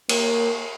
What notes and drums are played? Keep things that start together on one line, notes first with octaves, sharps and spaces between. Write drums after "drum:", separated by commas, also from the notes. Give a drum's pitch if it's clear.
A#3, drum: cymbal